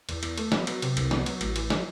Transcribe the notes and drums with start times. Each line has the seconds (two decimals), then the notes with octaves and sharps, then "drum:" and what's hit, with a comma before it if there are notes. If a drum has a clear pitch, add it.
0.09 E2, drum: cymbal
0.23 E2, drum: cymbal
0.38 A3, drum: cymbal
0.52 B3, drum: snare
0.67 F#3, drum: cymbal
0.82 C3, drum: cymbal
0.97 C2, drum: cymbal
1.11 B3, drum: snare
1.26 F#3, drum: cymbal
1.41 A1, drum: cymbal
1.56 E3, drum: cymbal
1.70 drum: snare